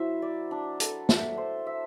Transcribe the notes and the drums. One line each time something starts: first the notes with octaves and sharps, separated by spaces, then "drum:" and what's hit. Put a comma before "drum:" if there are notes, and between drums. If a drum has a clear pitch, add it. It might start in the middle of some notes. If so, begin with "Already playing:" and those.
Already playing: F#3 E4 C5 E5
D5
D4
A4, drum: hi-hat
E5, drum: snare
C5
E5